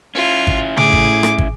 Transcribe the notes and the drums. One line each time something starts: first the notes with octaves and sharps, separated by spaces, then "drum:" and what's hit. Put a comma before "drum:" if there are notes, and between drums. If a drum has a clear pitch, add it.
C#4 E4 F4
drum: kick
A2 G#4 D6, drum: tom C#3
drum: kick
drum: rim click
drum: kick